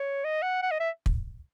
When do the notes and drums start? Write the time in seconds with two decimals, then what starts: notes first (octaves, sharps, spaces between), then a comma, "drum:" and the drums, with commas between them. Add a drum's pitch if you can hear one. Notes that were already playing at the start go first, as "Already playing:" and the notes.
Already playing: C#5
0.24 D#5
0.42 F#5
0.62 F#5
0.72 D#5
0.80 E5
1.06 drum: kick